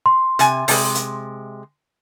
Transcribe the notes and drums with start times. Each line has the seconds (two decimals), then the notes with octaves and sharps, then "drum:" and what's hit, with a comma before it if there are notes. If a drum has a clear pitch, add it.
0.06 C6
0.39 C3 G#5, drum: hi-hat
0.68 C3 G#3, drum: open hi-hat
0.95 drum: hi-hat